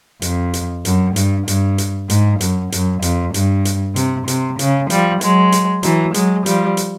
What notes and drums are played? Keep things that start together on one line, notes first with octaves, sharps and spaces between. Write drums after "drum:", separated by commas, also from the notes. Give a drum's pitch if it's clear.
F2, drum: hi-hat
drum: hi-hat
F#2, drum: hi-hat
G2, drum: hi-hat
G2, drum: hi-hat
drum: hi-hat
G#2, drum: hi-hat
F#2, drum: hi-hat
F#2, drum: hi-hat
F2, drum: hi-hat
G2, drum: hi-hat
drum: hi-hat
C3, drum: hi-hat
C3, drum: hi-hat
C#3, drum: hi-hat
F3 G3, drum: hi-hat
F#3 G#3, drum: hi-hat
drum: hi-hat
E3 F#3, drum: hi-hat
F#3 G#3, drum: hi-hat
F3 G3, drum: hi-hat
drum: hi-hat